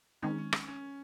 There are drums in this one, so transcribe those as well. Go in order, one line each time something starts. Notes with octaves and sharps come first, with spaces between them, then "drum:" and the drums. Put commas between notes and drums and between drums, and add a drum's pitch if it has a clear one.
D#3 G#3 C4 C#4 D#4
C#4
drum: rim click
C#4